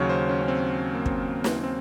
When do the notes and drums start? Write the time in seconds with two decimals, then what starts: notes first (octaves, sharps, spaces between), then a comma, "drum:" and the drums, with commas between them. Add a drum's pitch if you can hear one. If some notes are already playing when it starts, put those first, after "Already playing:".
Already playing: D#2 C#3 F#3 C#5
0.09 C5
0.29 C#4
0.41 C#4
0.48 C4
0.94 A#3
1.06 C4, drum: kick
1.44 drum: snare
1.64 C4